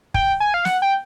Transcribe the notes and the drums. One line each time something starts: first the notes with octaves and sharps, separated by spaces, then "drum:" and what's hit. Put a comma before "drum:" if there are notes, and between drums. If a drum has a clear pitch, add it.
G5, drum: kick
G#5
F5
F#5, drum: snare
G5